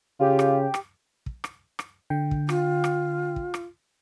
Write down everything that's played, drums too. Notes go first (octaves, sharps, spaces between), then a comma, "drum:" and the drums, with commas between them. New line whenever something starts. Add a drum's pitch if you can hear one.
C#3 F4 G4
drum: rim click
drum: rim click
drum: kick
drum: rim click
drum: rim click
D3 G5
drum: kick
F4, drum: rim click
drum: rim click
drum: kick
drum: rim click